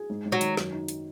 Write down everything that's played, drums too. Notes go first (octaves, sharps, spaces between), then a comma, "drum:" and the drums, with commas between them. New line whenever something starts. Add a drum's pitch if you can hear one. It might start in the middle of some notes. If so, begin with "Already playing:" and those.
Already playing: G#4
G#2
G#2
F#3
D#3, drum: hi-hat
F#2, drum: snare
D#4
drum: hi-hat